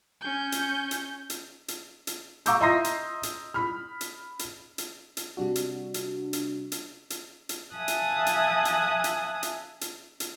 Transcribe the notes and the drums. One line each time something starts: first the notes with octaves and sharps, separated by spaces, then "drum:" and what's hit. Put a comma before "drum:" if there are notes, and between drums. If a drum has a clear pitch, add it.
C#4 G6
drum: hi-hat
drum: hi-hat
drum: hi-hat
drum: hi-hat
drum: hi-hat
F5 A#5 C#6 D6 E6 G6, drum: hi-hat
D#5 E5 A#5 C6 D#6 A#6
drum: hi-hat
drum: hi-hat
B5 F6
drum: hi-hat
drum: hi-hat
drum: hi-hat
drum: hi-hat
C3 G3 D4 F#4
drum: hi-hat
drum: hi-hat
drum: hi-hat
drum: hi-hat
drum: hi-hat
drum: hi-hat
E5 F5 G#5 A5 D#6 F#6
drum: hi-hat
drum: hi-hat
drum: hi-hat
drum: hi-hat
drum: hi-hat
drum: hi-hat
drum: hi-hat